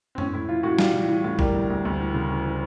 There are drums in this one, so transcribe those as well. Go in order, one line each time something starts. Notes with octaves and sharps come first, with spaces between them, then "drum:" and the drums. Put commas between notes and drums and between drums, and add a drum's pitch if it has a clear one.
C4
A2 C#4, drum: tom F2
A2 E4
E3 F4
A2 F#4
G3 F4, drum: snare
E3
E3
A2
G3 A#4, drum: kick
D2
D2
D2
E3
C#3
E3
E3